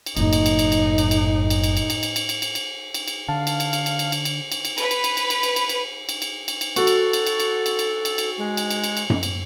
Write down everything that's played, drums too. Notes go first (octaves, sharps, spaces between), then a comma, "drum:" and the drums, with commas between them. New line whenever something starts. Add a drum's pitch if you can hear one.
drum: cymbal
F#1 F#2 A2 D#4, drum: cymbal
drum: cymbal
drum: cymbal
drum: cymbal
drum: cymbal
drum: cymbal
drum: cymbal
drum: cymbal
drum: cymbal
drum: cymbal
drum: cymbal
drum: cymbal
drum: cymbal
drum: cymbal
drum: cymbal
drum: cymbal
drum: cymbal
drum: cymbal
D3 F5 A5
drum: cymbal
drum: cymbal
drum: cymbal
drum: cymbal
drum: cymbal
drum: cymbal
drum: cymbal
drum: cymbal
drum: cymbal
B4, drum: cymbal
drum: cymbal
drum: cymbal
drum: cymbal
drum: cymbal
drum: cymbal
drum: cymbal
drum: cymbal
drum: cymbal
drum: cymbal
drum: cymbal
drum: cymbal
F#4 A4, drum: cymbal
drum: cymbal
drum: cymbal
drum: cymbal
drum: cymbal
drum: cymbal
drum: cymbal
drum: cymbal
drum: cymbal
G#3
drum: cymbal
drum: cymbal
drum: cymbal
drum: cymbal
drum: tom F#2
drum: cymbal